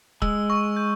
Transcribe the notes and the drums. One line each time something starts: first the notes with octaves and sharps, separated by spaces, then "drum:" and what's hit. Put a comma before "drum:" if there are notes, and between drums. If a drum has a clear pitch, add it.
G#3 E6, drum: kick
C#6
G6